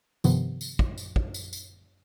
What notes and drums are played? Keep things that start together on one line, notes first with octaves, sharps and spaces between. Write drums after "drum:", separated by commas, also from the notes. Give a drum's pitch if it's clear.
G2 C3 D#3 F3 B3, drum: tambourine
drum: tambourine
drum: kick
drum: tambourine
drum: kick
drum: tambourine
drum: tambourine